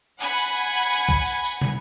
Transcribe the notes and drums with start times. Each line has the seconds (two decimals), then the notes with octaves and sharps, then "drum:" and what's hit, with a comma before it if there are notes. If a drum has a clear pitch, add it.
0.20 F#5 G#5 B5 G#6, drum: tambourine
0.38 drum: tambourine
0.56 drum: tambourine
0.73 drum: tambourine
0.91 drum: tambourine
1.09 drum: kick B1
1.26 drum: tambourine
1.44 drum: tambourine
1.61 drum: tom